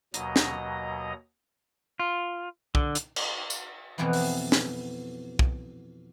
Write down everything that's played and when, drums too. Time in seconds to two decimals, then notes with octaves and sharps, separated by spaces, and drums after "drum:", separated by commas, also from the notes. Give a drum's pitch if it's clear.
0.14 D#2 B2 F#3 D#5 A#5 D#6, drum: hi-hat
0.36 drum: snare
2.00 F4
2.75 D3, drum: kick
2.95 drum: hi-hat
3.16 drum: cymbal
3.50 drum: tambourine
3.98 F2 B2 E3 B3 C4 E4
4.13 drum: open hi-hat
4.52 drum: snare
5.39 drum: kick